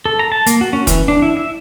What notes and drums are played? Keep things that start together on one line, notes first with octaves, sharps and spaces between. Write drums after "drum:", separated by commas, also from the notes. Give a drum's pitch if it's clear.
A4
A#5
A5
A#3, drum: hi-hat
F#4
C#4
E3, drum: kick F1, hi-hat
D4
E4
E5